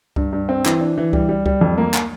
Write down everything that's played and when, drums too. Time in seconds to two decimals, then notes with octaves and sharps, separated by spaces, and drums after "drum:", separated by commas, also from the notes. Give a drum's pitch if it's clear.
0.16 G2, drum: kick C#2
0.33 G2
0.49 C4
0.66 E3, drum: clap
0.81 D4
0.98 E3
1.13 G3, drum: kick C#2
1.29 G3
1.46 G3, drum: kick C#2
1.61 F2
1.78 A#3
1.94 drum: clap